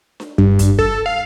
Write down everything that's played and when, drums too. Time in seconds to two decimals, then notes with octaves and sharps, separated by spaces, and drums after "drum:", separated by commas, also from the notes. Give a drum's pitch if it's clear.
0.20 drum: snare D4
0.38 G2, drum: kick
0.59 drum: kick, hi-hat
0.79 A4, drum: kick
1.06 F5